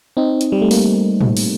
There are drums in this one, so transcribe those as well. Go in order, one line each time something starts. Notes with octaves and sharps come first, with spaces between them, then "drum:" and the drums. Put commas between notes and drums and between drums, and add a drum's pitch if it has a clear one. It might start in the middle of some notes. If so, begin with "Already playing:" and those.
C4 D#4
drum: hi-hat
G3
A3
A#3, drum: open hi-hat
drum: tom A2
drum: open hi-hat